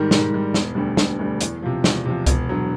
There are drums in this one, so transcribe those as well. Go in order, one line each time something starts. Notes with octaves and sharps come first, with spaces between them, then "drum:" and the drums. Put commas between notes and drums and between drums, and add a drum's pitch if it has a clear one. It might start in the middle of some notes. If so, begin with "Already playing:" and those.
Already playing: G#2 D#3 G3
G#2, drum: snare
D#3 G3
E1, drum: snare
D2 D3 G3
E1, drum: snare
D2 D3 G3
E2, drum: hi-hat
C3 F3
E2, drum: snare
C3 F3
E1, drum: kick C2, hi-hat
D3 F#3